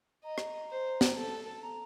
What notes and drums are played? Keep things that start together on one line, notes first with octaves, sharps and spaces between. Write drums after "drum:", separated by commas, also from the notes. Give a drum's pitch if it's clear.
D#5 A#5
drum: rim click
C5
drum: snare
A4 A5
A5
A#5